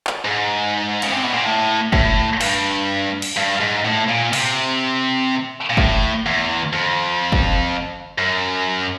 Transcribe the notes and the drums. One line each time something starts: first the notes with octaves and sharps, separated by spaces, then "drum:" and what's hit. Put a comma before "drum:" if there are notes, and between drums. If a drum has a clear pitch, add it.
drum: clap
G#2
C#3, drum: cymbal
C3
B2
A#2
A2
A2, drum: kick
G2, drum: cymbal
drum: cymbal
G2
G#2
A2
A#2
C3, drum: cymbal
A#2
A2, drum: kick
E2
F2
drum: kick
F#2